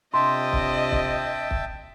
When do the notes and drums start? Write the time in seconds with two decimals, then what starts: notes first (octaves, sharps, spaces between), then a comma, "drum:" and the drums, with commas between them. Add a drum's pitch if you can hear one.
0.14 C3 D4 F4 D#5 E5 G5 A5 C6
0.53 drum: kick
0.92 drum: kick
1.51 drum: kick